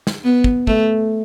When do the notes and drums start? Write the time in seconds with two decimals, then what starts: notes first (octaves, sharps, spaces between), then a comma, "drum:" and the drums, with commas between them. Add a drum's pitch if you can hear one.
0.07 drum: snare
0.24 B3
0.44 drum: kick
0.67 A3, drum: kick